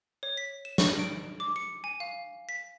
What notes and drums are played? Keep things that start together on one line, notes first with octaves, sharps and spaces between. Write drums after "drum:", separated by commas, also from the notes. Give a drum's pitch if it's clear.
C#5
B6
E7
C#6, drum: snare
D7
D6
C#7
G#5
F5
B6